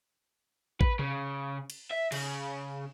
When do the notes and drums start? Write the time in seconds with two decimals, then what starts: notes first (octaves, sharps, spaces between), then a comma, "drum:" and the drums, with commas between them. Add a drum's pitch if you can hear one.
0.81 B4, drum: kick A1
0.99 C#3, drum: tom C3
1.70 drum: cymbal
1.91 E5
2.12 C#3, drum: cymbal